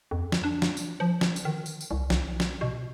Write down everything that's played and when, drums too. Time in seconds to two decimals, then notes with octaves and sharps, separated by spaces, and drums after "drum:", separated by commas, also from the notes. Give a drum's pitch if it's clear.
0.11 F2
0.32 drum: snare
0.44 D4
0.62 drum: snare
0.77 drum: tambourine
1.00 F3
1.21 drum: snare
1.36 drum: tambourine
1.45 D#3
1.66 drum: tambourine
1.81 drum: tambourine
1.91 C2
2.10 B1, drum: snare
2.40 drum: snare
2.61 B2